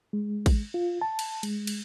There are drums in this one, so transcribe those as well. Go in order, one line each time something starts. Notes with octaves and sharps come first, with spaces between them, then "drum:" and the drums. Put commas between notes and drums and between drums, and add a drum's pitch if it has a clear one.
G#3
drum: kick, cymbal
F4
A5
drum: cymbal
G#3, drum: cymbal
drum: cymbal